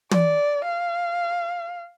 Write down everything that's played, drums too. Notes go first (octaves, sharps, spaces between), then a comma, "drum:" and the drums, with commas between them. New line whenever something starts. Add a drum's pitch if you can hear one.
D5, drum: tom
F5